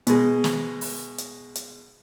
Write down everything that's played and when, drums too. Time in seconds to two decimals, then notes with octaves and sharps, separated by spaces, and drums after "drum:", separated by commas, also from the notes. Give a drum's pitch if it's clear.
0.07 B2 G#3, drum: hi-hat
0.44 drum: snare
0.81 drum: open hi-hat
1.18 drum: hi-hat
1.55 drum: hi-hat